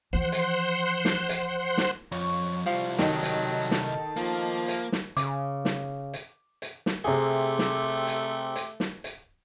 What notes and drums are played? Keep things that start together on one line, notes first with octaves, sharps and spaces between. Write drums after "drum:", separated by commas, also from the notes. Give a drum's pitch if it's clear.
E3 F3 C5 F#5 C6
drum: hi-hat
drum: snare
drum: hi-hat
drum: snare
F2 C#5 C#6
C2 F3 G3
D#3 F#3 D#4 A4, drum: snare
drum: hi-hat
drum: snare
F3 A#3
drum: hi-hat
drum: snare
C#3 D6, drum: hi-hat
drum: snare
drum: hi-hat
drum: hi-hat
drum: snare
C3 A3 C4 G4 G#4
drum: snare
drum: hi-hat
drum: hi-hat
drum: snare
drum: hi-hat